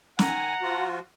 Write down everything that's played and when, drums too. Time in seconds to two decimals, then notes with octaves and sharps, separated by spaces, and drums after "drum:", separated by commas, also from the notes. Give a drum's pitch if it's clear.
0.19 D#3 F#5 G#5 A#5, drum: snare
0.61 F3 F4 F#4